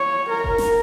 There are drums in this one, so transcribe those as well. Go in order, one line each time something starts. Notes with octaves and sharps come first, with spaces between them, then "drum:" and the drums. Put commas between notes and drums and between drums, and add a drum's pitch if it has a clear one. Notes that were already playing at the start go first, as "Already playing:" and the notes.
Already playing: C#5
A#4
drum: kick F1
drum: snare